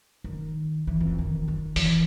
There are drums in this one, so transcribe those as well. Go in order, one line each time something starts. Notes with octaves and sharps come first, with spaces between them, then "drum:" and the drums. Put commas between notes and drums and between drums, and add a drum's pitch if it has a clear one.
D#3
E3
F2
D#3
D#3
E3, drum: open hi-hat